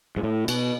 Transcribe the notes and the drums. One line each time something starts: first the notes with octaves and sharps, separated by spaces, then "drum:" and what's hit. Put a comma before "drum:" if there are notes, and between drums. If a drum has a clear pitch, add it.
G#2
A2
B2, drum: cymbal